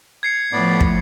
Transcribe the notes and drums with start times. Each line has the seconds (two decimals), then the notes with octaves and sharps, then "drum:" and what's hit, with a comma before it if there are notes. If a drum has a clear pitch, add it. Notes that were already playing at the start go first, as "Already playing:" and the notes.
0.23 G#6 C7 C#7
0.53 A2 F3 A3 B3 D5
0.81 drum: kick